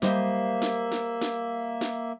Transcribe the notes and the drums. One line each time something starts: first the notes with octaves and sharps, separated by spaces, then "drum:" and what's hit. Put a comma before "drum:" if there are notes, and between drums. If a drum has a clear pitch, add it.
G3 A#3 C5 D#5 E5, drum: snare
drum: snare
drum: snare
drum: snare
drum: snare